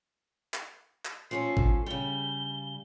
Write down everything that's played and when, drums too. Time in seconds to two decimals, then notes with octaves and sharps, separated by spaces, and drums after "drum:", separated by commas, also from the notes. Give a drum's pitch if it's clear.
0.54 drum: clap
1.05 drum: clap
1.31 F3 C#4 A4 C7
1.57 drum: kick G#1
1.86 C#3 G3 G7